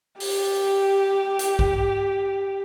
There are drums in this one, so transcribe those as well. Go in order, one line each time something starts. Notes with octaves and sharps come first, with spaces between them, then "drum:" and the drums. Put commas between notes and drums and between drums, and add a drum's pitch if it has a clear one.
G4, drum: open hi-hat
drum: hi-hat
drum: kick A#1